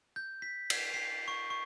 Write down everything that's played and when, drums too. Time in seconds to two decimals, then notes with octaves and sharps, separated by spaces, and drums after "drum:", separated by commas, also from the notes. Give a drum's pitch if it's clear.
0.16 G6
0.42 B6
0.70 C7, drum: cymbal
0.94 C7
1.28 C#6
1.50 C#6